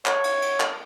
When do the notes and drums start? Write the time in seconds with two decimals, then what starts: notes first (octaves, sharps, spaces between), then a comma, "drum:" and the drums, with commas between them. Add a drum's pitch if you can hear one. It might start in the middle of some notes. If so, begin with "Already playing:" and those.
0.06 C#5, drum: clap
0.24 drum: cymbal
0.42 drum: cymbal
0.60 drum: clap